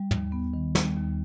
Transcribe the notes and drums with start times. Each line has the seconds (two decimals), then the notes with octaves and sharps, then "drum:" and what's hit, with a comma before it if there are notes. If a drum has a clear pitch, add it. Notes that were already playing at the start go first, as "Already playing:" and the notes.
Already playing: G3
0.11 D#2, drum: tom
0.32 B3
0.53 D#3
0.75 G3, drum: snare
0.96 D#2